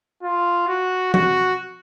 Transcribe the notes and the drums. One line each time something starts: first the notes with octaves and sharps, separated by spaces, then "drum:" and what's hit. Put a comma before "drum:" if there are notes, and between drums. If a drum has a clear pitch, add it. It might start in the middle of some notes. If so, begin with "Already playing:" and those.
F4
F#4
F#4, drum: tom F3